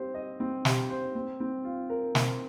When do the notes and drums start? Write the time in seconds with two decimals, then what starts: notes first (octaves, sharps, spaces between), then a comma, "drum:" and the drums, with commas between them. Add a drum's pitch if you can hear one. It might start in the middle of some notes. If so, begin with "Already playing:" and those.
Already playing: C4 G4 C5
0.14 D#5
0.40 C4
0.65 G4, drum: snare
0.90 C5
1.15 C4
1.40 C4
1.64 F4
1.90 A#4
2.15 C4, drum: snare